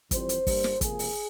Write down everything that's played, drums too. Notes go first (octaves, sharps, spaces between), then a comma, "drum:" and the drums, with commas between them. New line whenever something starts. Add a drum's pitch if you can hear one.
F2 E3 G3 C4 C5, drum: kick, hi-hat
drum: hi-hat
G2 G3 A#3, drum: kick, open hi-hat
drum: snare
C#2 C3 F3 A#3 G#4, drum: kick, hi-hat
drum: open hi-hat